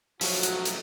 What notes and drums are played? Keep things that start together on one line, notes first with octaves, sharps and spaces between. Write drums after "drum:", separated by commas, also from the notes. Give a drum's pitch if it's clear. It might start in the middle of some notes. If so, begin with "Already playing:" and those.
F3 F#3 G#3 A3 C#4 F#4, drum: open hi-hat
drum: hi-hat
drum: hi-hat